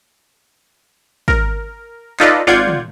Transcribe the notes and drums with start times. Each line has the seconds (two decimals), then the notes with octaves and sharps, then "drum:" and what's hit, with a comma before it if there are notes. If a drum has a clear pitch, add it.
1.28 A#4, drum: kick
2.20 D#4 F4 A4 B4 D5 D#5, drum: clap
2.47 G#1 F4 D5 F#5 G6 G#6
2.68 drum: tom